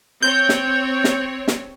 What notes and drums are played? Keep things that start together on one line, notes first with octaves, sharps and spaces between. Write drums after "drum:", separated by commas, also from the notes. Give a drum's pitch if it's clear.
C4 C#5 G6
drum: snare
drum: snare
drum: snare